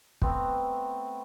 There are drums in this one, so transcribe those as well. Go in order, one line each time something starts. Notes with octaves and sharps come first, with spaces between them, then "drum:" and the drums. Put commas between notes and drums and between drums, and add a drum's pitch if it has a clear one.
A3 B3 C4 A#5, drum: kick